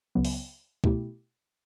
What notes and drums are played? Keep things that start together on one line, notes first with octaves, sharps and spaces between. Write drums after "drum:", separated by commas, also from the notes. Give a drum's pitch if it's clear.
C#2 C#3 F#3 B3
drum: open hi-hat
B2 A3 E4 G4, drum: kick